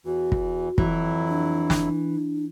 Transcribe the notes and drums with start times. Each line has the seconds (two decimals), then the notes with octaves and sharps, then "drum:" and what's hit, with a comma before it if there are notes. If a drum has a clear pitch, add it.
0.05 E2 E3 F#4
0.32 drum: kick
0.78 F2 E3 F#3 E4, drum: kick
1.28 D4
1.70 drum: snare